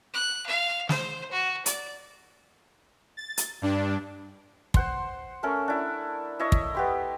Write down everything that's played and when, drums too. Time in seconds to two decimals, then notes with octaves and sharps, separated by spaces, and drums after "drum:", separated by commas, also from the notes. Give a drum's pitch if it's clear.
0.14 F#6
0.47 F5
0.89 C5, drum: snare
1.32 F#4
1.66 D5, drum: hi-hat
3.17 A6
3.37 drum: hi-hat
3.62 G2 D4
4.74 C5 F#5 C6, drum: kick
5.43 A3 C#4 A#4
5.68 D4 E4
6.39 E4 C#5 D#5
6.52 drum: kick
6.75 B3 G4 C6